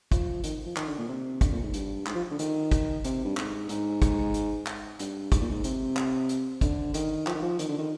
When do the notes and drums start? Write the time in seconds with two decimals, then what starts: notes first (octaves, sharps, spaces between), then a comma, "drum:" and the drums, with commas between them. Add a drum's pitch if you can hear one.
0.12 F3, drum: kick, hi-hat
0.44 D#3, drum: hi-hat
0.66 F3
0.76 D#3, drum: clap
0.88 D3
0.98 A#2
1.08 C3
1.41 D3, drum: kick, hi-hat
1.52 A#2
1.63 G#2
1.74 G2, drum: hi-hat
2.07 G#2, drum: clap
2.15 F3
2.31 D3
2.39 D#3, drum: hi-hat
2.72 drum: kick, hi-hat
3.04 C3, drum: hi-hat
3.25 G2
3.37 G#2, drum: clap
3.69 G#2, drum: hi-hat
4.02 G#2, drum: kick, hi-hat
4.34 drum: hi-hat
4.67 drum: clap
4.99 G2, drum: hi-hat
5.32 G#2, drum: kick, hi-hat
5.41 A#2
5.50 G#2
5.64 C3, drum: hi-hat
5.97 drum: clap
6.29 drum: hi-hat
6.61 D3, drum: kick, hi-hat
6.94 D#3, drum: hi-hat
7.27 F3, drum: clap
7.35 D#3
7.42 F3
7.59 D#3, drum: hi-hat
7.69 D3
7.78 D#3